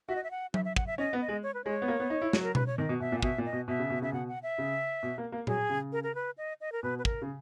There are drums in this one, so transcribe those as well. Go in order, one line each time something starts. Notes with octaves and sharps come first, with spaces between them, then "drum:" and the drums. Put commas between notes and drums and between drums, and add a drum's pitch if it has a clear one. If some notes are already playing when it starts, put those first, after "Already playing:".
F#4 E5
D#5
E5
F#5
E5, drum: tom F#3
E5
F#5, drum: kick
E5
C#4 D#5
B3
D#5
G#3
C#5
B4
G#3 C#5
B3
A#3
B3
D#4
E4
F#3, drum: snare
A#4
B4, drum: tom B2
C#5
D#3 D#5
B2
B2 E5
A#2
F#5
B2 E5, drum: kick
A#2
D#5
B2
B2 E5
C#3
B2
C#3 E5
B2 F#5
F#5
E5
C#3
B2
A#3
A#3
F#3 G#4, drum: tom A#2
C#3
A#4
A#4
B4
D#5
D#5
A#4
B2 B4
B4
A#4, drum: kick
C#3